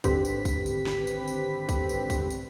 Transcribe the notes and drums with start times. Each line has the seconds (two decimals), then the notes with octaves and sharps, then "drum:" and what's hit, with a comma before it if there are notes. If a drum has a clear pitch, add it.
0.04 G#1 D3 C4 G4 B4 B6, drum: kick B1, tambourine
0.25 drum: tambourine
0.45 drum: kick B1, tambourine
0.66 drum: tambourine
0.86 drum: snare
1.07 drum: tambourine
1.28 drum: tambourine
1.69 drum: kick B1, tambourine
1.89 drum: tambourine
2.10 drum: kick B1, tambourine
2.30 drum: tambourine